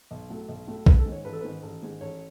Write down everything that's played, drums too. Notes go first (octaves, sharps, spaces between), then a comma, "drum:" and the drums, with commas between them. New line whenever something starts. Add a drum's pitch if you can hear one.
B1
A2 F#3 A3
B1
A2 F#3 A3
A1 B4, drum: kick B1
A4
G#2 D#3 G#3
C#5
A1 B4
A4
G#2 D#3 G#3 B4
A1
G#2 D#3 G#3
A1 C#5